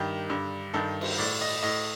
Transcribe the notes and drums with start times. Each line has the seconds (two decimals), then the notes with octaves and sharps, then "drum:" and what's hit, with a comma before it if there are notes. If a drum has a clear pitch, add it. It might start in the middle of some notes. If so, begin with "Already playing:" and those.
Already playing: G2 D#3 G4
0.30 G2 D3
0.74 G2 D#3 A4
1.01 drum: cymbal
1.18 A2 D5
1.41 D#5
1.63 A2 D#5